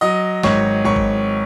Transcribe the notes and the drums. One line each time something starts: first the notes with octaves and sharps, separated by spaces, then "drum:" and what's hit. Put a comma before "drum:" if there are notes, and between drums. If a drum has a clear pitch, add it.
F#3 D#5 D#6
G#1 C#5 C#6, drum: snare
G#1 C#5 C#6
drum: kick